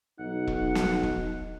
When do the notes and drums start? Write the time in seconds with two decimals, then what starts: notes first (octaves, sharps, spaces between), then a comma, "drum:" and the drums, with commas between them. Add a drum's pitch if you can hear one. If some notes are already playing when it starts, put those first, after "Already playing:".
0.20 B1 D#4 F#5
0.47 drum: kick E1
0.75 drum: snare
1.03 drum: kick E1